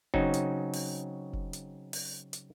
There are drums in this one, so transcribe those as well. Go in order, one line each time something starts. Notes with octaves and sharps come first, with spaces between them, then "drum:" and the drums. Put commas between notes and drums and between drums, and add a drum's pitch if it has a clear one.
C#3 F#3 C4 C#4 D#4 F#4, drum: kick
drum: hi-hat
drum: open hi-hat
drum: kick
drum: hi-hat
drum: open hi-hat
drum: hi-hat